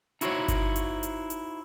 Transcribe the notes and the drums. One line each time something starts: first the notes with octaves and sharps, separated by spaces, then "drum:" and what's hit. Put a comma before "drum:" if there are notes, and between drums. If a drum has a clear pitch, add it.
D#4 E4 F#4 G#4 C5 C#5, drum: hi-hat
drum: kick G1, hi-hat
drum: hi-hat
drum: hi-hat
drum: hi-hat